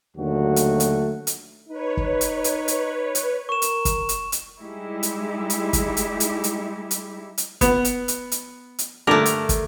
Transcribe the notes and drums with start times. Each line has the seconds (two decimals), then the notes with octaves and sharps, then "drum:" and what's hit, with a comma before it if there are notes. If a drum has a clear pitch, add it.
0.17 D#2 D3 F#3 A3 F#4
0.56 drum: hi-hat
0.80 drum: hi-hat
1.27 drum: hi-hat
1.69 D#4 B4 C#5
1.97 drum: kick
2.21 drum: hi-hat
2.44 drum: hi-hat
2.68 drum: hi-hat
3.15 drum: hi-hat
3.49 A#4 C#6 E7
3.62 drum: hi-hat
3.85 drum: kick, hi-hat
4.09 drum: hi-hat
4.32 drum: hi-hat
4.60 G3 G#3 D#4 E4 G4
5.03 drum: hi-hat
5.50 drum: hi-hat
5.73 drum: kick, hi-hat
5.97 drum: hi-hat
6.20 drum: hi-hat
6.44 drum: hi-hat
6.91 drum: hi-hat
7.38 drum: hi-hat
7.61 B3, drum: kick, hi-hat
7.85 drum: hi-hat
8.08 drum: hi-hat
8.32 drum: hi-hat
8.79 drum: hi-hat
9.07 G2 D3 A3 A#4 D5
9.26 drum: hi-hat
9.49 drum: kick, hi-hat